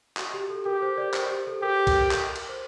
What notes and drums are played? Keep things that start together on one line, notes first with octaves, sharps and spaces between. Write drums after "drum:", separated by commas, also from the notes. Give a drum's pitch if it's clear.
F#4, drum: clap
G4
A4
G4 A#4
C5
D5
C5, drum: clap
G4
A4
G4 A#4
drum: kick B1, cymbal
drum: clap
drum: cymbal
C5